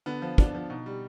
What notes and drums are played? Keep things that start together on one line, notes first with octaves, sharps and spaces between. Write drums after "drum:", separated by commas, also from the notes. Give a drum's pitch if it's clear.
D3 B3
F3
D3 D4, drum: kick
F3
B2 D#4
G3